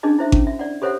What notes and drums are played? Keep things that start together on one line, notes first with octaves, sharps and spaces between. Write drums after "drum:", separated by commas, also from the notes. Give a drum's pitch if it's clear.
C#4 D4 G#4 D#5 A5
E4 C5 E5
C#4, drum: kick G#1
E5
D5 F#5
G4 A4 C5 C#5 E5 F#5